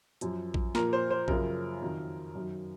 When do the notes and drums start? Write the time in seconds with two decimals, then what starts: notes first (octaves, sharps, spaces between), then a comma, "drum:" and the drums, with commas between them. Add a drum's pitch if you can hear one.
0.21 F#2 F3, drum: hi-hat
0.54 drum: kick A#1
0.75 A#2 F3 A#4, drum: snare
0.93 C5
1.10 C5
1.28 F#2 C#3 F3 A#4, drum: kick A#1
1.82 F2 D#3 F#3
2.35 F#2 D#3 F#3